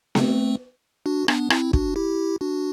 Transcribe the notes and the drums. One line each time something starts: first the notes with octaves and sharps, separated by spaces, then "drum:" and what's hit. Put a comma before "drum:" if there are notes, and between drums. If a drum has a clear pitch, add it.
A3 C4, drum: snare B3
D4 F#4
B3 D4, drum: rim click
C4 E4, drum: rim click
D4 F#4, drum: kick
E4 G4
D4 F#4